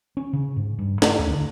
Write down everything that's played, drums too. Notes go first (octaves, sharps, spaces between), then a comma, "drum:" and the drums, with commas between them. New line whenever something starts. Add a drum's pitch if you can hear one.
C#4
C#3
G#2
G2
A3, drum: snare
D#2
D2